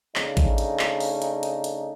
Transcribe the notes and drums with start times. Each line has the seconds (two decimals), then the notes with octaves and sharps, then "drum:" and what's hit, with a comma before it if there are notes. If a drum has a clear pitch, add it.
0.16 C#3 A3 D4 D#4, drum: clap
0.37 drum: kick A1, hi-hat
0.58 drum: hi-hat
0.79 drum: clap
1.00 drum: open hi-hat
1.22 drum: hi-hat
1.43 drum: hi-hat
1.64 drum: hi-hat